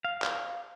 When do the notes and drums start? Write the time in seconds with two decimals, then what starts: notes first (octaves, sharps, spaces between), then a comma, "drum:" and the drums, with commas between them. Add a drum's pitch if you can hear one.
0.05 F5
0.22 drum: clap